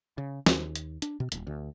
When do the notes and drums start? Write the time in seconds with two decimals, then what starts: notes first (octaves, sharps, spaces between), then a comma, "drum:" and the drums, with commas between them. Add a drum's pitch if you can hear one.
0.18 C#3
0.46 D#2, drum: snare
0.76 drum: hi-hat
1.02 D4, drum: hi-hat
1.20 B2
1.32 D#1, drum: hi-hat
1.47 D2